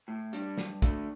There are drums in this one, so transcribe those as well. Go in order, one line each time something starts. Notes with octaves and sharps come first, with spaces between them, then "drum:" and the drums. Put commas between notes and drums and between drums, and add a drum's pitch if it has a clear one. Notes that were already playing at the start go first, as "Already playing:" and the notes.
A2
G3 D4, drum: hi-hat
G2, drum: snare
D3 A3, drum: kick, hi-hat